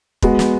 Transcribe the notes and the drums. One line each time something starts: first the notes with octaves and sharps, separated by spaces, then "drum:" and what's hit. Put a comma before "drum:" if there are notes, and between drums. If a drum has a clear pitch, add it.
G#3 B3 F#4, drum: kick
drum: snare